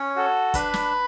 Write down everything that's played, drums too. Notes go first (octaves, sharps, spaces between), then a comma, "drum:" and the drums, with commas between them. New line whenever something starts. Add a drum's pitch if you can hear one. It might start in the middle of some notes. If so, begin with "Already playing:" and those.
Already playing: C#4 C#5
F#4 A4
D4 B4 B5, drum: kick, hi-hat
drum: snare